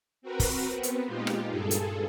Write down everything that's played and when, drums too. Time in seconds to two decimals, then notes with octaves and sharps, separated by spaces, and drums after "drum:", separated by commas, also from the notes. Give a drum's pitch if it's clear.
0.22 C4 F#4 A#4 B4
0.40 drum: kick, open hi-hat
0.72 B3 C4
0.83 drum: hi-hat
1.05 A#2 G#3 D#4 F4 G4
1.27 drum: rim click
1.49 G2 G#4 A4
1.71 drum: hi-hat